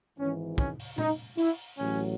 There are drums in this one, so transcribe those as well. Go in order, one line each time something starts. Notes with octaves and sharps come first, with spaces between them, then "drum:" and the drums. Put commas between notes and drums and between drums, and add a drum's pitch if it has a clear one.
G#1 G#2 E3 C#4
C#4, drum: kick
drum: open hi-hat
D#4, drum: tom A#2
E4, drum: open hi-hat
A1 A2 F#3 C#4